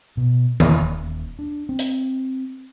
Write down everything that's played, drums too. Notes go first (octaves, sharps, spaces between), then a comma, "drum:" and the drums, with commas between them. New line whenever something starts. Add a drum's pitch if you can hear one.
B2
E2, drum: tom D#3
D#1
D4
C4
drum: hi-hat